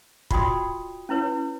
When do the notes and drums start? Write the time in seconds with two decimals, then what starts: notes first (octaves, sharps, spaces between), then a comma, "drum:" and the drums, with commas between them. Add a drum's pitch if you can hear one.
0.31 F4 F#4 D5 G5 C6 D#6, drum: kick
1.09 C#4 E4 B4 C#5